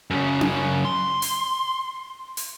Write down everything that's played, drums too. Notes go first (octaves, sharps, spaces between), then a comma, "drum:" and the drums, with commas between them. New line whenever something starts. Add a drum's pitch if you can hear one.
F#2 C#3
drum: tom C#4
C6
drum: open hi-hat
drum: open hi-hat